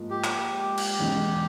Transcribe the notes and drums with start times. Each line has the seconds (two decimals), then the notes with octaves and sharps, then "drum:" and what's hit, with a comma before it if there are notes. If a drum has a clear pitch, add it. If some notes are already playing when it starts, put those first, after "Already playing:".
Already playing: G#2 F3 A#3
0.10 G4
0.24 drum: clap
0.78 drum: cymbal
0.99 E1 E2 C#3 E3 G#3